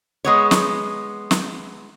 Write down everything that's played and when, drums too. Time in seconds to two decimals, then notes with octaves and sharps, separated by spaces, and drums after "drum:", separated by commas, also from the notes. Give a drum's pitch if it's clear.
0.25 G#3 B3 C#5
0.51 drum: snare
1.31 drum: snare